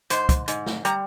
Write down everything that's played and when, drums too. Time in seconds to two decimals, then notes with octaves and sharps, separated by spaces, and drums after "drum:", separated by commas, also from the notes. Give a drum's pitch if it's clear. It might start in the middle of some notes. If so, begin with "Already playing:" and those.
0.10 G#2 C5, drum: hi-hat
0.29 drum: kick, hi-hat
0.48 G#2, drum: hi-hat
0.66 drum: snare
0.85 G3 A#5, drum: hi-hat